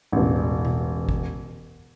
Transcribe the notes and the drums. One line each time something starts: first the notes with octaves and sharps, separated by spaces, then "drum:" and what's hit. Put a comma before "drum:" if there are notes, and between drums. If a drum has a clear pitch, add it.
E1 A1
drum: tom B2
drum: kick